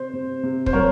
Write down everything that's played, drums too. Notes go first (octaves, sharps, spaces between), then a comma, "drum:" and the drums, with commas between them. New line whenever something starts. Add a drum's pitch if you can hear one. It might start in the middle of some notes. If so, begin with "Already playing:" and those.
Already playing: C3 C5
C3
C3
C5, drum: kick
F#3 A#4 C#5